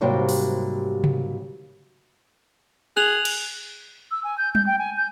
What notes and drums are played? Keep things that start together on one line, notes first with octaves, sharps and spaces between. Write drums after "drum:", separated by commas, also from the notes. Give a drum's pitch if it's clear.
G#2 C3 F#3 G3 A#3
drum: open hi-hat
drum: tom C3
G#4 F#6 F7 F#7
drum: cymbal
E6
G#5
G6
G6, drum: tom G3
G5
G#5
G6